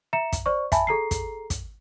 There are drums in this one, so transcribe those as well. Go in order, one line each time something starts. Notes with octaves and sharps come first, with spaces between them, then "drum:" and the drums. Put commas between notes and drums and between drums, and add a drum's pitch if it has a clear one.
E5 A#5 C#7 E7
drum: kick, hi-hat
C5 D5 C#6
E5 G#5 A5 B5, drum: kick, hi-hat
G#4 A4 A#5 C7
drum: kick, hi-hat
drum: kick, hi-hat